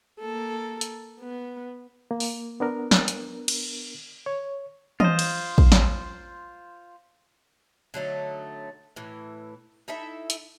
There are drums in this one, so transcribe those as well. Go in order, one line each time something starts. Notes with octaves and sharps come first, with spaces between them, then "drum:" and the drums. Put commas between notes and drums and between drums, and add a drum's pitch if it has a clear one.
A#3 A4
drum: hi-hat
B3
A#3
drum: open hi-hat
B3 D4 A#4
drum: snare
drum: hi-hat
drum: cymbal
C#5
F4 C5 D#5, drum: tom E3
drum: cymbal
drum: kick
drum: snare
D3 F#3 A3 D#4
A2 E3
D#4 E4 A4 E5
drum: hi-hat